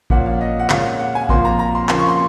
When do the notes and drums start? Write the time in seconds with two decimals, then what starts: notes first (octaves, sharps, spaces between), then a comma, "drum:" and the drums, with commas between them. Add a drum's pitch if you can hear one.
0.10 A#2 F3 A#3 C#4 F#5, drum: kick A1
0.26 F5
0.41 D#5
0.59 F#5
0.70 A#2 G#3 C#4 F5, drum: clap
1.00 F#5
1.15 G#5
1.29 A#2 F3 A#3 C6, drum: kick A1
1.45 A#5
1.59 A#5
1.75 C6
1.89 C#3 F3 A#3 C6, drum: clap
1.99 C#6
2.08 C6